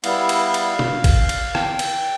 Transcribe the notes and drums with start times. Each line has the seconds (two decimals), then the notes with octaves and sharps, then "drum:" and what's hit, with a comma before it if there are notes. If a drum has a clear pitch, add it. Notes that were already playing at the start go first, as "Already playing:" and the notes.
0.04 G3 B3 E4 F5, drum: cymbal
0.29 drum: cymbal
0.54 drum: cymbal
0.79 drum: tom B2
1.04 drum: kick G#1, cymbal
1.29 drum: cymbal
1.55 G5, drum: rim click
1.79 drum: cymbal